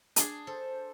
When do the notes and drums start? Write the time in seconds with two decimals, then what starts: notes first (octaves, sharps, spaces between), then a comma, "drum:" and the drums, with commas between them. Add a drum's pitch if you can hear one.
0.16 D4 G#4, drum: hi-hat
0.47 A4 C5